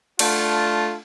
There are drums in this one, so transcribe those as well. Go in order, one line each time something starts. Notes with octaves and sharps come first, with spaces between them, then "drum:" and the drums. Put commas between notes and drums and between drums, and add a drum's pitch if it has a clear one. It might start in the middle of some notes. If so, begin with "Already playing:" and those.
A3 D4 F4, drum: cymbal